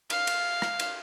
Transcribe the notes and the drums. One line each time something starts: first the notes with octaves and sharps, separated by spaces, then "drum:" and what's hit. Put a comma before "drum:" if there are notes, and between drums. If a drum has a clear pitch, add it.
F5, drum: cymbal
drum: cymbal
drum: rim click
drum: cymbal